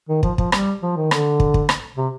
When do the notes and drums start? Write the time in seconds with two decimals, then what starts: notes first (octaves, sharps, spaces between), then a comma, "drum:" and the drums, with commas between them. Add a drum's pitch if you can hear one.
0.09 D#3
0.23 F3, drum: kick
0.38 F3, drum: kick
0.52 G3, drum: rim click
0.82 F3
0.97 D#3
1.11 D3, drum: rim click
1.40 drum: kick
1.54 drum: kick
1.69 drum: rim click
1.97 C3